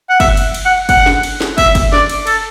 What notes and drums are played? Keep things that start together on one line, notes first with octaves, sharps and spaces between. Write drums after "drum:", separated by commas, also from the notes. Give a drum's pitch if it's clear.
F#5
E5, drum: kick, cymbal
drum: cymbal
drum: cymbal
F#5
F#5, drum: kick, cymbal
drum: snare
drum: cymbal
drum: snare
E5, drum: kick, cymbal
drum: kick, cymbal
D5, drum: snare
drum: cymbal
A4, drum: cymbal